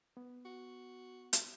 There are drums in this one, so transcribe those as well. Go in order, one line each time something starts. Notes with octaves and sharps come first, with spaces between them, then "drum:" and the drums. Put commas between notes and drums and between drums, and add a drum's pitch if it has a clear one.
B3
F#4
drum: hi-hat